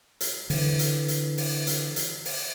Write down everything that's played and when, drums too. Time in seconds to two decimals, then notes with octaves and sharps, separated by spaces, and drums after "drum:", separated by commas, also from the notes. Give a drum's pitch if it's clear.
0.21 drum: hi-hat
0.50 D3 E3, drum: open hi-hat
0.79 drum: hi-hat
1.08 drum: hi-hat
1.38 drum: open hi-hat
1.67 drum: hi-hat
1.96 drum: hi-hat
2.25 drum: open hi-hat